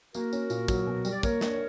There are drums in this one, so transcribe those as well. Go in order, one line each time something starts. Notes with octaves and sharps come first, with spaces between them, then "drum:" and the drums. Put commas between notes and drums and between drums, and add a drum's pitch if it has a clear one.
A#3 F#4 A#4, drum: tambourine
C#4, drum: tambourine
A#2, drum: tambourine
F#3, drum: kick, tambourine
B2
G3, drum: tambourine
D5
A#3 A#4 C#5, drum: kick, tambourine
D4, drum: snare